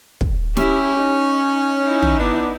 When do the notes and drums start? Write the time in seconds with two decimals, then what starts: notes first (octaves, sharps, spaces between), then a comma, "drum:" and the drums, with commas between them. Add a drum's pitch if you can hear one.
0.21 drum: kick
0.57 C#4 E4 G4, drum: snare
0.99 D#4
1.84 D#4 E4
2.02 drum: tom
2.18 B3 D4